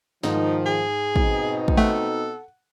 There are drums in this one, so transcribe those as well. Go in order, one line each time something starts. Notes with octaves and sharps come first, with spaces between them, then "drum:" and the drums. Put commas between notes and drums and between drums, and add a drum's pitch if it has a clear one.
G#2 D#3 F3 D#4, drum: snare
G#4
B2 C4 D#4, drum: kick
drum: kick
A3 A4 F#5